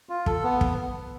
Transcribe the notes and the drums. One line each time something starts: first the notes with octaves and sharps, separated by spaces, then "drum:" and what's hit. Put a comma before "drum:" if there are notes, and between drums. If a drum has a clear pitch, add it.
F4
A4, drum: kick
B3
drum: kick